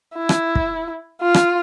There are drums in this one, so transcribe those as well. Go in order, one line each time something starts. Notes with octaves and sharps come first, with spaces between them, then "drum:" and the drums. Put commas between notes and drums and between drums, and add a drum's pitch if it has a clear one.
E4
drum: rim click
drum: kick
F4
drum: rim click